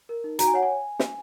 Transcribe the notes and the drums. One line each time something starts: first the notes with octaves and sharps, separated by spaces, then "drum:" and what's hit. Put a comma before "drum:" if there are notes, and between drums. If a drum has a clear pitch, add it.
A#4
D#4
F#4 A#5, drum: hi-hat
G#5
C#5 F#5
G#5
drum: snare